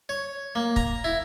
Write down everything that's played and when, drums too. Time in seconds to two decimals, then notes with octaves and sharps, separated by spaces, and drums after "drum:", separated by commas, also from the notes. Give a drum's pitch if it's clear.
0.09 C#5
0.55 A#3
0.76 A#5, drum: kick
1.04 E4